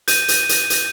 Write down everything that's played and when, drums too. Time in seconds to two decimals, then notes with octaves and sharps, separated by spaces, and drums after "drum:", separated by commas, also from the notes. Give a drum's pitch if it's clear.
0.08 G6 D#7, drum: hi-hat
0.28 drum: hi-hat
0.49 drum: hi-hat
0.70 drum: hi-hat